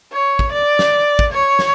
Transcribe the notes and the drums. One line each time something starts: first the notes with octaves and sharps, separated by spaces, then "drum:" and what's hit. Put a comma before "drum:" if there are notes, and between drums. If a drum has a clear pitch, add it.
C#5
drum: kick
D5
drum: snare
drum: kick
C#5
drum: snare